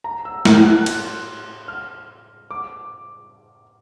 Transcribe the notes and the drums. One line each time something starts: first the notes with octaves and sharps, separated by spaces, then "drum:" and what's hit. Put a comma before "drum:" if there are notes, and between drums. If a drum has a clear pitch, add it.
A#5
E6
F6, drum: snare
G6
F#6
F#6
F#6, drum: cymbal
F6
D6